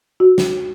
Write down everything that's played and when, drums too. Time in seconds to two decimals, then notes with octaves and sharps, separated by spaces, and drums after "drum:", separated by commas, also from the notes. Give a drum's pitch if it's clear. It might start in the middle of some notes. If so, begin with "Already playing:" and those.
0.20 F#4
0.38 drum: snare